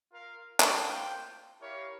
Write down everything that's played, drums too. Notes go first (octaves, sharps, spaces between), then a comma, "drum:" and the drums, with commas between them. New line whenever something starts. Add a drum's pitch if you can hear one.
F4 A#4 F5
drum: clap
A#3 F4 C5 G5
E4 G4 A#4 C#5 F5